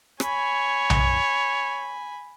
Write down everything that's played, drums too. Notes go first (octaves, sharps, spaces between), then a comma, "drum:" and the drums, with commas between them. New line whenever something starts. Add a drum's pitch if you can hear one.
C#5 G#5 B5, drum: rim click
drum: tom B1